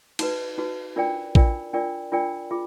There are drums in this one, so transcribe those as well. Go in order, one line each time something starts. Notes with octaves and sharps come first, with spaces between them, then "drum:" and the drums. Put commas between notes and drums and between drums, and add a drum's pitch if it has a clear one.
D#4 F#4 B4, drum: cymbal
D#4 F#4 B4
D4 F4 A#4 D5 G5
D4 F4 A#4 D5 G5, drum: kick
D4 F4 A#4 D5 G5
D4 F4 A#4 D5 G5
F4 G#4